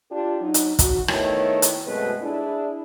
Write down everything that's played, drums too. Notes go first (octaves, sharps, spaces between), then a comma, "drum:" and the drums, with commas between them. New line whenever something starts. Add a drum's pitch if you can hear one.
D4 F4 G4
F#3 D#4
drum: hi-hat
F#4, drum: kick, hi-hat
D#3 A3 B3 E4 C#5, drum: rim click
drum: hi-hat
F#2 B2 G#3 A3 C4 B4
D4 E4 G#4